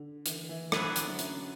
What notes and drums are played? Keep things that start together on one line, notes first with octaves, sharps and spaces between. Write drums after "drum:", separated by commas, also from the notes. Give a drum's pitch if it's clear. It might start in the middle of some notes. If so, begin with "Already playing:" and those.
Already playing: D3
E3, drum: hi-hat
E3
D3 E3 F#3 B3 D4 G#4, drum: rim click
drum: hi-hat
D3 F#3
C#4 E4, drum: hi-hat